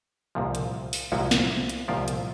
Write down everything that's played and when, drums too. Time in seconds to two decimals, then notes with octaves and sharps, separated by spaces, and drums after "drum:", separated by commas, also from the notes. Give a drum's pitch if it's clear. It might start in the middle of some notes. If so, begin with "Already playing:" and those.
0.35 C2 A#2 F3
0.55 drum: hi-hat
0.93 drum: open hi-hat
1.12 C2 A#2 F3 E4 F#4
1.31 drum: snare
1.69 drum: hi-hat
1.88 C2 A#2 F3 F4 G4
2.08 drum: hi-hat